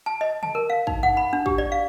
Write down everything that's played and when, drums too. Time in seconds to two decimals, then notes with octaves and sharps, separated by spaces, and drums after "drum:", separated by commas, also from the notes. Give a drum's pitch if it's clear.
0.06 A5
0.21 D#5
0.43 A5, drum: tom C#3
0.55 A#4
0.70 F5
0.87 D#4, drum: kick
1.03 F#5, drum: tom F#2
1.17 B5
1.33 D4
1.46 G4, drum: kick
1.58 D5
1.72 F5